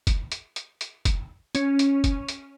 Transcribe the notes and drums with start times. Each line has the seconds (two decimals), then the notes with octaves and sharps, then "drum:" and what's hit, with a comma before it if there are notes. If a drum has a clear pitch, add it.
0.07 drum: kick, hi-hat
0.32 drum: hi-hat
0.56 drum: hi-hat
0.81 drum: hi-hat
1.05 drum: kick, hi-hat
1.55 C#4, drum: hi-hat
1.79 drum: hi-hat
2.04 drum: kick, hi-hat
2.28 drum: hi-hat